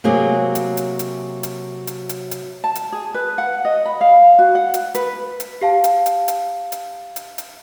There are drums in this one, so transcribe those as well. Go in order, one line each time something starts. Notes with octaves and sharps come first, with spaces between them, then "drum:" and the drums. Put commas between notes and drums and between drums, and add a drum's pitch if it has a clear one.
C3 F#3 A#3 G#4
drum: hi-hat
drum: hi-hat
drum: hi-hat
drum: hi-hat
drum: hi-hat
drum: hi-hat
drum: hi-hat
A5
drum: hi-hat
G#4
B4
F#5
D#5
B5
F5
F#4
F#5
drum: hi-hat
B4, drum: hi-hat
drum: hi-hat
G4 F5 A5
drum: hi-hat
drum: hi-hat
drum: hi-hat
drum: hi-hat
drum: hi-hat
drum: hi-hat